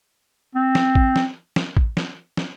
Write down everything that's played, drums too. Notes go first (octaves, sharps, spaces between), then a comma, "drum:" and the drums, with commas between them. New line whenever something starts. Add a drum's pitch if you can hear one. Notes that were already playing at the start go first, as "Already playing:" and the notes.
C4
drum: snare
drum: kick A1
drum: snare
drum: snare
drum: kick A1
drum: snare
drum: snare